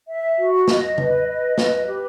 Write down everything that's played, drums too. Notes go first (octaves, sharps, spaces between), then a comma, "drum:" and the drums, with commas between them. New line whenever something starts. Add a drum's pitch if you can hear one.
E5
F#4
D#5, drum: snare
B4, drum: tom C#3
D#5
B4, drum: snare
G4